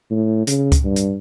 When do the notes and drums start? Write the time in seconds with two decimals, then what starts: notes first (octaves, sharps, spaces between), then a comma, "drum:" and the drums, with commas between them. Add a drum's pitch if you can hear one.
0.11 A2
0.47 C#3, drum: hi-hat
0.72 drum: kick C#2, hi-hat
0.84 G2
0.96 drum: hi-hat